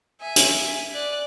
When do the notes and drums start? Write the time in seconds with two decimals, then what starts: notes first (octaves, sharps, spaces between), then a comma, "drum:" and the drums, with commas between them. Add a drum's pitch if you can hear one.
0.21 E5 G#5
0.36 drum: hi-hat
0.94 D5 F#6